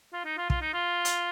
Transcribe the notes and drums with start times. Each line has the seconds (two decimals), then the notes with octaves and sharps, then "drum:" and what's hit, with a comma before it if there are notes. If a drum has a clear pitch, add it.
0.13 F4
0.25 D#4
0.37 F4
0.50 F4, drum: kick
0.61 D#4
0.73 F4
1.05 drum: hi-hat